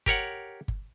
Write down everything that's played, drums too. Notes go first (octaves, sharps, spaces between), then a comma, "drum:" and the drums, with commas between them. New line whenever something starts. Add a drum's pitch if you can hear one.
G4 A#4 C#5 F#5, drum: kick G1
drum: kick G1